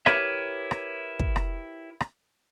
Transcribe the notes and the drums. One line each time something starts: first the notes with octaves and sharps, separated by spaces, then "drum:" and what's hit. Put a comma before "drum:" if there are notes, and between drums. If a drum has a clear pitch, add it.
E4 G4 A#4 B4 C#5 E5, drum: rim click
drum: rim click
drum: kick
drum: rim click
drum: rim click